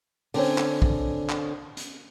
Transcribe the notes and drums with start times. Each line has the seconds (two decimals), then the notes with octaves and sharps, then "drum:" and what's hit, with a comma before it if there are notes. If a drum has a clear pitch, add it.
0.34 D3 C4 C#4, drum: open hi-hat
0.58 drum: clap
0.82 drum: kick
1.29 drum: clap
1.77 drum: hi-hat